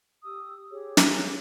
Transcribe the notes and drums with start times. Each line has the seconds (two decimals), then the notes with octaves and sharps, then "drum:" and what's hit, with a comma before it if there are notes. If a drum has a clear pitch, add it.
0.25 G4 D#6 E6
0.71 G4 G#4 C#5
0.97 drum: snare